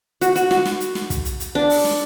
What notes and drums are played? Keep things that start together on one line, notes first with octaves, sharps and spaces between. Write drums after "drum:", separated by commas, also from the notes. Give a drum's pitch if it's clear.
F#4, drum: hi-hat
F#4, drum: hi-hat
F#4, drum: snare
drum: snare
drum: hi-hat
drum: snare
drum: kick, hi-hat
drum: hi-hat
drum: hi-hat
D4
drum: open hi-hat
drum: snare